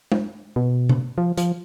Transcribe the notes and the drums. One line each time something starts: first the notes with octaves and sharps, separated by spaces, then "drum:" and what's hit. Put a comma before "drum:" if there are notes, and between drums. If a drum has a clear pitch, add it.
drum: tom G#3
B2
drum: tom C3
F3
F3, drum: hi-hat